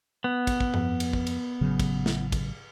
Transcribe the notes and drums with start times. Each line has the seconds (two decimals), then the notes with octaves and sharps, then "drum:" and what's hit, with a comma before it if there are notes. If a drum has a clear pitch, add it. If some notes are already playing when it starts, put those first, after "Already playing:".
0.24 B3
0.47 drum: kick, cymbal
0.60 drum: kick
0.74 F2, drum: tom G2
1.00 drum: cymbal
1.13 drum: kick
1.27 drum: cymbal
1.61 A1 C#3 F#3
1.80 drum: kick, cymbal
2.06 drum: snare
2.32 drum: kick, cymbal